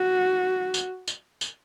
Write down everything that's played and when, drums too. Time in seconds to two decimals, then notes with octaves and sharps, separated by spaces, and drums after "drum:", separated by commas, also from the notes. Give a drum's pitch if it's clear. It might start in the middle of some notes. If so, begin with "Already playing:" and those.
Already playing: F#4
0.74 drum: tambourine
1.08 drum: tambourine
1.41 drum: tambourine